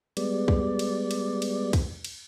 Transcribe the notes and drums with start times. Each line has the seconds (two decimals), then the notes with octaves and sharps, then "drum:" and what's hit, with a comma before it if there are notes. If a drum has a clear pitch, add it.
0.17 G3 G#3 B3 D5, drum: cymbal
0.48 drum: kick
0.79 drum: cymbal
1.11 drum: cymbal
1.42 drum: cymbal
1.73 drum: kick, cymbal
2.05 drum: cymbal